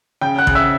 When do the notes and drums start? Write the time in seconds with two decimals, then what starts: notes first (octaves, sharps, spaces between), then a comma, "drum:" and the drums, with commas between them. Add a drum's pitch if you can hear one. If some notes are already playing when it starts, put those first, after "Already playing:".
0.21 C#3 G5 G6
0.39 F#5 F#6
0.47 C#3, drum: kick A1
0.55 E5 E6